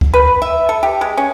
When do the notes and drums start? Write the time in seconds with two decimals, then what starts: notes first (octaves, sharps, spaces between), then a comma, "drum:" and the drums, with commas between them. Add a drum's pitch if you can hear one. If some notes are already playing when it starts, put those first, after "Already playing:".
0.01 drum: kick C#2
0.14 B4
0.42 E5
0.69 A4
0.83 G4
1.01 G#3
1.17 C#4